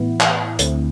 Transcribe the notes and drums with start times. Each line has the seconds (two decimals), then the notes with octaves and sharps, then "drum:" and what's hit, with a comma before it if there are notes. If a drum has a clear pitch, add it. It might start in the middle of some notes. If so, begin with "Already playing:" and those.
Already playing: A2 E3 B3 E4
0.21 drum: clap
0.59 D2 D3 A3 C4 E4, drum: hi-hat